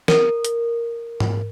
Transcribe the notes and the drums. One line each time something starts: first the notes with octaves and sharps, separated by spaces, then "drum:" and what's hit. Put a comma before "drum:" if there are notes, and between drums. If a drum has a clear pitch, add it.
A#4, drum: snare
drum: hi-hat
drum: tom G#2